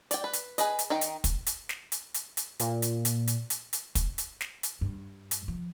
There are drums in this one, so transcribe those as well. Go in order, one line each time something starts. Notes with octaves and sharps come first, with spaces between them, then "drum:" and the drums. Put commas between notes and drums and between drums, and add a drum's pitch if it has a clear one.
D5 G5, drum: hi-hat
B4
drum: hi-hat
G#4 B4 D#5, drum: hi-hat
drum: hi-hat
D#3 D#4 G5
drum: hi-hat
drum: kick, hi-hat
drum: hi-hat
drum: snare
drum: hi-hat
drum: hi-hat
drum: hi-hat
A#2, drum: hi-hat
drum: hi-hat
drum: hi-hat
drum: hi-hat
drum: hi-hat
drum: hi-hat
drum: kick, hi-hat
drum: hi-hat
drum: snare
drum: hi-hat
G2
drum: hi-hat
F3